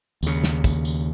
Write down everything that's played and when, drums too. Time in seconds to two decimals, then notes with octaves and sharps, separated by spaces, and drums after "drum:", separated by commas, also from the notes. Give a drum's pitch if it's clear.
0.23 D#2 C#3, drum: tambourine
0.44 drum: snare
0.64 drum: kick, tambourine
0.85 drum: tambourine